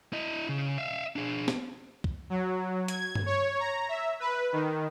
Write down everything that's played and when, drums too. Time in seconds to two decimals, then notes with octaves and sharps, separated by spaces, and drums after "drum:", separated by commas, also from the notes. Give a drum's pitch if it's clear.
0.13 E4 D#5
0.49 C#3
0.78 E5 F5
1.16 D4 G#4
1.48 drum: snare
2.04 drum: kick
2.30 F#3
2.88 G#6, drum: hi-hat
3.15 drum: tom G2
3.26 C#5
3.60 A#5
3.89 E5
4.20 B4
4.53 D#3